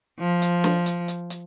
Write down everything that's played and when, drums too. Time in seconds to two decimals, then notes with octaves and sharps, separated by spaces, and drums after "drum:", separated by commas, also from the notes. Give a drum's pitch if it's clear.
0.20 F3
0.42 drum: hi-hat
0.64 drum: snare
0.86 drum: hi-hat
1.08 drum: hi-hat
1.30 drum: hi-hat